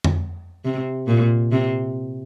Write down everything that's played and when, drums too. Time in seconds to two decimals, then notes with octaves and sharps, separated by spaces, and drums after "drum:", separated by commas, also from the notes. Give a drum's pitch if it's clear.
0.04 drum: tom F2
0.65 C3
1.07 A#2
1.52 C3